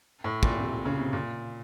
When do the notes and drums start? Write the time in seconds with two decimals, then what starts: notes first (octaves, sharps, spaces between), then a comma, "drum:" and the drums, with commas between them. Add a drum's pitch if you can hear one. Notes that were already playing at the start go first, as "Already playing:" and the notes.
0.24 A2
0.43 A#2, drum: kick
0.60 C3
0.85 C#3
0.99 C3
1.13 A#2